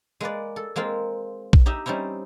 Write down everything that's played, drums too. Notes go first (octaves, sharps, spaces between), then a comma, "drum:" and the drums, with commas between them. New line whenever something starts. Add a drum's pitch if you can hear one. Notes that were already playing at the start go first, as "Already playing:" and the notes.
G#3 A#3 B4 D5
A4
G#3 A#3 C4 F4
drum: kick
D#4 G4 D#5 E5
G3 C4 C#4 D#4 E4